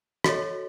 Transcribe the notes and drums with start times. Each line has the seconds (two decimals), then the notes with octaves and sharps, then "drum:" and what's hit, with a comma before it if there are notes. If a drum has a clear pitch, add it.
0.24 F#4 A4 C#5 D#5, drum: rim click